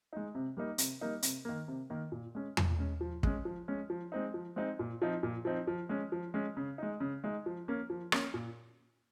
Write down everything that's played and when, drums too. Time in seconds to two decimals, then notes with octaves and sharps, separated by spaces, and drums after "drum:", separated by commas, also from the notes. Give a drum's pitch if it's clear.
0.13 G#3 D#4
0.35 C3
0.57 G3 A#3 D#4
0.78 C3, drum: hi-hat
1.01 G3 A#3 D#4
1.23 C3, drum: hi-hat
1.45 D#3 A#3
1.68 C3
1.90 D#3 A#3
2.12 A#2
2.35 G#3 C#4
2.57 A#2, drum: tom E2
2.78 G#3 C#4
3.01 F3
3.23 G#3 C#4, drum: kick
3.45 F3
3.68 G#3 C#4
3.90 F3
4.12 G#3 C4 D#4
4.34 F3
4.56 G#3 C4 D#4
4.79 A#2
5.02 F3 C4 D#4
5.23 A#2
5.45 F3 C4 D#4
5.67 F3
5.89 G#3 C#4
6.12 F3
6.34 G#3 C#4
6.57 C#3
6.78 G#3 D#4
7.00 C#3
7.24 G#3 D#4
7.46 F3
7.68 A#3 C#4
7.90 F3
8.12 A#3 C#4, drum: rim click
8.34 A#2